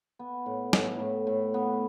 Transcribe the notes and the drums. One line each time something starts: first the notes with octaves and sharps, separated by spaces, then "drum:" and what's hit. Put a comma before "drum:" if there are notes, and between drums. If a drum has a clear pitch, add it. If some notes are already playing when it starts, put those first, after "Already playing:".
B3
A2
A2, drum: snare
A2
A2
B3